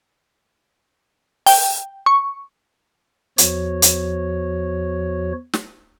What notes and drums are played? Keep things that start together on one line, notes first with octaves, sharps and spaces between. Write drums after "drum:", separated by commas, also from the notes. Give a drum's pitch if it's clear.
G5, drum: open hi-hat
C#6
E2 F3 F#4 C#5, drum: hi-hat
drum: hi-hat
drum: snare